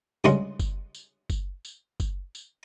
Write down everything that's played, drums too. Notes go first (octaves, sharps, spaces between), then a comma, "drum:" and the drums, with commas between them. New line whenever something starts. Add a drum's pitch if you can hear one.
G2 C#3 G#3 D#5 F#5 C6, drum: tambourine
drum: kick F#1, tambourine
drum: tambourine
drum: kick F#1, tambourine
drum: tambourine
drum: kick F#1, tambourine
drum: tambourine